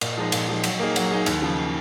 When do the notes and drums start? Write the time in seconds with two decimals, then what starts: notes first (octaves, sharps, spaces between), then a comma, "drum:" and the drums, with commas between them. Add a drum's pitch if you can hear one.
0.01 A#2, drum: cymbal
0.17 F3 G#3 D#4
0.32 A#2, drum: cymbal
0.49 F3 G#3 D#4
0.64 F#3, drum: cymbal
0.80 A#3 D#4 G#4
0.96 F#3, drum: cymbal
1.11 A#3 D#4 G#4
1.26 D#2, drum: cymbal
1.42 C#3 F3